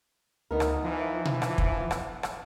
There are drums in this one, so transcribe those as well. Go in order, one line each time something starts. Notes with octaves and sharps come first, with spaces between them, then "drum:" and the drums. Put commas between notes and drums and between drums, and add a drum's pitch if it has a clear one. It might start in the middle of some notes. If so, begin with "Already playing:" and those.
D2 B3 D#4 A#4
drum: rim click
E3 F3
drum: tom B2
D4, drum: rim click
drum: kick
B3
drum: rim click
drum: rim click